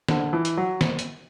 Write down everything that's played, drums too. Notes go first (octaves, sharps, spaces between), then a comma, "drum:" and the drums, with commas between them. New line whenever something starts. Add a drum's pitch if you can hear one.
D3, drum: snare
E3
drum: hi-hat
F#3
drum: snare
drum: hi-hat